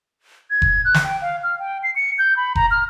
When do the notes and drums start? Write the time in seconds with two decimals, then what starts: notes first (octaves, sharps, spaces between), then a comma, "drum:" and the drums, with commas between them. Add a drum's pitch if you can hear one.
0.50 G#6
0.62 drum: kick F1
0.85 F#6
0.94 drum: snare
1.04 G5
1.21 F5
1.43 F6
1.60 G5
1.83 C7
1.96 C#7
2.18 G6
2.37 B5
2.55 A#5, drum: kick F1
2.71 F6